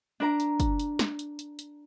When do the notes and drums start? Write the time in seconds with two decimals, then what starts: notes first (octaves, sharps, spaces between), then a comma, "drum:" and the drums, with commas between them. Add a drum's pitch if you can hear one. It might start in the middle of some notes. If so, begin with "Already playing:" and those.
0.20 D4 A#4 A#5
0.40 drum: hi-hat
0.60 drum: kick, hi-hat
0.79 drum: hi-hat
0.99 drum: snare
1.19 drum: hi-hat
1.39 drum: hi-hat
1.59 drum: hi-hat